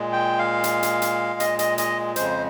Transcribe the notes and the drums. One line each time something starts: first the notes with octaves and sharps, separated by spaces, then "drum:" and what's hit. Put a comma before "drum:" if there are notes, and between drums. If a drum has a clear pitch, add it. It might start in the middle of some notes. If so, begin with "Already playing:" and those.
Already playing: A#2 G#3
G5
F5
drum: hi-hat
drum: hi-hat
drum: hi-hat
D#5, drum: hi-hat
D#5, drum: hi-hat
D#5, drum: hi-hat
F2 C#3 G#3 C5, drum: hi-hat